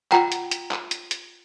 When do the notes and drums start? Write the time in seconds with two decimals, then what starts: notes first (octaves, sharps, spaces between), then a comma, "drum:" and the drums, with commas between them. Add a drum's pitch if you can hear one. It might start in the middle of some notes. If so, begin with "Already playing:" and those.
0.12 F4 F#5 G5 A#5, drum: clap
0.32 drum: hi-hat
0.51 drum: hi-hat
0.71 drum: clap
0.91 drum: hi-hat
1.11 drum: hi-hat